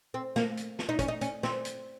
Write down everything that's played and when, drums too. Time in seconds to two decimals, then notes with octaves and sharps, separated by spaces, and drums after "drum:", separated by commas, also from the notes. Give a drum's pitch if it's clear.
0.14 C4
0.36 A#3, drum: snare
0.57 drum: hi-hat
0.79 drum: snare
0.89 D#4
0.99 C#4, drum: kick, hi-hat
1.08 D#4
1.21 C#4, drum: hi-hat
1.43 C4, drum: snare
1.65 drum: hi-hat